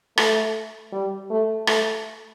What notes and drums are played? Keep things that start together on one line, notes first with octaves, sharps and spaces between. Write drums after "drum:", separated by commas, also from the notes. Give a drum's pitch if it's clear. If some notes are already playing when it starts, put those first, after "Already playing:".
A3, drum: rim click
G3
A3
A3, drum: rim click